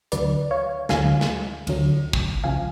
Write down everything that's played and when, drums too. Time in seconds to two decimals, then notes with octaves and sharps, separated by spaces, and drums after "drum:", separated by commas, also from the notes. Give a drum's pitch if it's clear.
0.12 D2 D3 F#3 B4 D5, drum: hi-hat
0.51 C#5 F5
0.89 D2 D3 F#3 F5 G#5, drum: snare
1.21 drum: snare
1.67 D2 D3 F#3, drum: cymbal
2.13 drum: kick
2.44 C#2 C#3 F3 F5 G#5